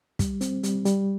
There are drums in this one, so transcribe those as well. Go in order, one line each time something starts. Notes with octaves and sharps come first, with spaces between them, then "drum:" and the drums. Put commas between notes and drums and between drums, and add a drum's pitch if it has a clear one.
G3, drum: kick, hi-hat
C4, drum: hi-hat
G3, drum: hi-hat
G3, drum: hi-hat